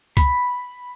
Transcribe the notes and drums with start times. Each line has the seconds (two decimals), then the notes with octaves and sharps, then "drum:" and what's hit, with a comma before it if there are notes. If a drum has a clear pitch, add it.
0.17 B5, drum: kick C#2, hi-hat